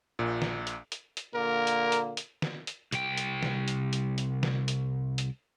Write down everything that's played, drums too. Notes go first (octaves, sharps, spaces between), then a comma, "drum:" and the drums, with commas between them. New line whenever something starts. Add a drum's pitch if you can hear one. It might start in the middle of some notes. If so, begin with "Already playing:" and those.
A#1 A#2
drum: snare
drum: hi-hat
drum: hi-hat
drum: hi-hat
A#2 D3 A#3 A#4
drum: hi-hat
drum: hi-hat
drum: hi-hat
drum: snare
drum: hi-hat
C2 G5, drum: hi-hat
drum: hi-hat
drum: snare
drum: hi-hat
drum: hi-hat
drum: hi-hat
drum: snare
drum: hi-hat
drum: hi-hat